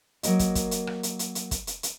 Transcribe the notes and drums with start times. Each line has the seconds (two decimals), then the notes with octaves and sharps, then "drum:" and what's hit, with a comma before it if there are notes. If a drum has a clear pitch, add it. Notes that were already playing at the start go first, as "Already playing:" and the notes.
0.23 F#3 A#3 A#4 D#5, drum: hi-hat
0.39 drum: kick, hi-hat
0.55 drum: kick, hi-hat
0.71 drum: hi-hat
0.87 drum: rim click
1.03 drum: hi-hat
1.19 drum: hi-hat
1.35 drum: hi-hat
1.51 drum: kick, hi-hat
1.67 drum: hi-hat
1.83 drum: hi-hat